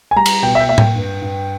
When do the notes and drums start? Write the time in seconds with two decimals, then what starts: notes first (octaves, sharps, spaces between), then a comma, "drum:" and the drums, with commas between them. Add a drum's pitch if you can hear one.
0.11 G#5
0.16 G3 A#5
0.26 drum: cymbal
0.42 B2 G5
0.55 E5
0.60 G5
0.69 A#3 E5
0.78 G5, drum: tom A2
0.95 G2
1.22 G2